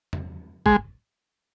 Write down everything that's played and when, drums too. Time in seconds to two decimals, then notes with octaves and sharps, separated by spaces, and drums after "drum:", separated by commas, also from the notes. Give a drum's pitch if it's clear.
0.13 drum: tom
0.66 G#3, drum: kick